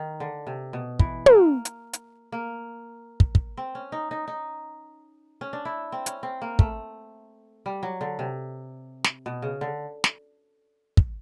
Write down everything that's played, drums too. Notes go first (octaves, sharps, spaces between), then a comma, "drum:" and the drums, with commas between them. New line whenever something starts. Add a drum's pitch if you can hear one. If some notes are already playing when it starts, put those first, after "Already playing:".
Already playing: D#3
D3
C3
B2
E3, drum: kick
A#3, drum: tom
drum: hi-hat
drum: hi-hat
A#3
drum: kick
drum: kick
C4
C#4
D#4
D#4
D#4
C#4
D4
E4
C4
C#4, drum: hi-hat
C4
A#3
A3, drum: kick
G3
F#3
D3
C3
drum: snare
B2
C#3
D3
drum: snare
drum: kick